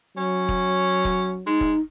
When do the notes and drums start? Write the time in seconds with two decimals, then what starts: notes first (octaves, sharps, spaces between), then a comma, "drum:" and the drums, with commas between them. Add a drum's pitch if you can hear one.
0.17 F#3 C#4
0.49 drum: kick E1
1.05 drum: kick E1
1.47 G#3 D#4
1.61 drum: kick E1